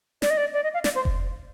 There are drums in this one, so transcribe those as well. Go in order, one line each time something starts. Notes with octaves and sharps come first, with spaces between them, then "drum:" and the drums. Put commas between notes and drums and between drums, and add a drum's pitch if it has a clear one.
D5, drum: snare
D#5
D5
D5
D#5
F5
D5, drum: snare
C5
drum: kick F1